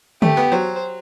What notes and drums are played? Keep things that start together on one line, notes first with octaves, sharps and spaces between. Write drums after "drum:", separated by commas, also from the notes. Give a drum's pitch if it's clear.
A3 G4, drum: tom D3
B3
F#3 C5